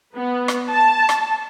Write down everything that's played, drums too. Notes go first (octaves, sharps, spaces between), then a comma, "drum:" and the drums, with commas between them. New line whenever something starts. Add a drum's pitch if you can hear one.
B3
drum: rim click
A5
drum: rim click